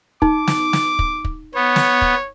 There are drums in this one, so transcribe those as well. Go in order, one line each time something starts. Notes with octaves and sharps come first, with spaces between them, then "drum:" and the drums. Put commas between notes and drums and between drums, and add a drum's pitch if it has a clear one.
D#4 D6, drum: kick
drum: snare
drum: snare
drum: kick
drum: kick
B3 C#5
drum: snare
drum: kick